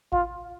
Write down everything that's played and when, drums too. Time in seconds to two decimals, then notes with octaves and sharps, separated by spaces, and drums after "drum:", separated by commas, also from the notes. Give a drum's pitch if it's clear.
0.12 F4, drum: kick A1